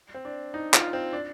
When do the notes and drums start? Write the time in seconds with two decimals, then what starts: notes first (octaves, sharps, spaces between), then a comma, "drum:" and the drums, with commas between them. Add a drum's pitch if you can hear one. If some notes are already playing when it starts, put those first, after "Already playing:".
0.14 C4
0.25 D4
0.54 D#4
0.74 F4, drum: clap
0.93 C4
1.13 D4